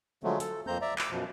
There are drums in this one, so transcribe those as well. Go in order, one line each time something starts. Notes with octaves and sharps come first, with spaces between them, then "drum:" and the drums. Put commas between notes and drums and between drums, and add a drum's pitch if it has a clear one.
D3 F3 F#3 G#3 A3
A4, drum: hi-hat
F2 A#3 C4 C5 A#5 G6
D5 E5 A#5
D6 E6, drum: clap
F#2 B2 F3